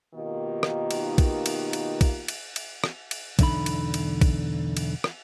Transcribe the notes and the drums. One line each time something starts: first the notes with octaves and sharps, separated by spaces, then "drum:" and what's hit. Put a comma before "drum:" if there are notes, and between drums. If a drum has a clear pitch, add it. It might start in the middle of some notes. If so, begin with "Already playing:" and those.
B2 D#3 A#3 D#4 F4 G4
drum: rim click
drum: cymbal
drum: kick, cymbal
drum: cymbal
drum: cymbal
drum: kick, cymbal
drum: cymbal
drum: cymbal
drum: rim click
drum: cymbal
B1 E2 D3 D#4 B5, drum: kick, cymbal
drum: cymbal
drum: cymbal
drum: kick, cymbal
drum: cymbal
drum: rim click